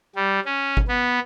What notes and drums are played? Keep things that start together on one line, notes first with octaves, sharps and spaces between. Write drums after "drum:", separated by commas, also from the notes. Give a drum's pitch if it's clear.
G3
C#4
drum: kick G#1
B3